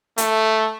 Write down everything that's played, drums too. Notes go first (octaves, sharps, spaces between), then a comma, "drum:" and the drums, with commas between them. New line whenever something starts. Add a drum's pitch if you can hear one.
A3, drum: hi-hat